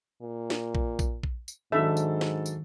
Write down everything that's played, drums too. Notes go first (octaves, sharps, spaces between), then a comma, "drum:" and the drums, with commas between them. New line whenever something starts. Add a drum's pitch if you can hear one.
A#2
drum: snare
drum: kick A#1
drum: kick A#1, tambourine
drum: kick A#1
drum: tambourine
G#2 D#3 F#3 D4 A4 E5
drum: tambourine
drum: snare
drum: tambourine